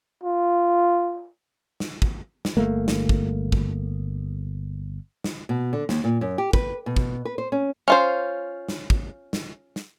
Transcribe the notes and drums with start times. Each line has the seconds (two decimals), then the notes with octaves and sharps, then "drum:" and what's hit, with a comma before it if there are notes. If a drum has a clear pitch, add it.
0.23 F4
1.80 drum: snare
2.02 drum: kick
2.45 drum: snare
2.57 G1 A3 A#3
2.88 drum: snare
3.09 drum: kick
3.52 drum: kick
5.24 drum: snare
5.49 B2
5.73 D3
5.89 D#2, drum: snare
6.04 A#2
6.21 F#2
6.38 G4
6.53 B4, drum: kick
6.86 B2
6.96 drum: kick
7.25 B4
7.38 C5
7.52 C#4
7.88 C#4 F4 C5
8.69 drum: snare
8.90 drum: kick
9.33 drum: snare
9.76 drum: snare